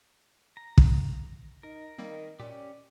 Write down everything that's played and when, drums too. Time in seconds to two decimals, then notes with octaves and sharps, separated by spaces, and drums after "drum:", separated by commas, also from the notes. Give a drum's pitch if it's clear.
0.57 A#5
0.78 drum: kick
1.63 D#4 A#4
1.98 D#3 G3 A#3 C4
2.40 A#2 C#4 G4 D5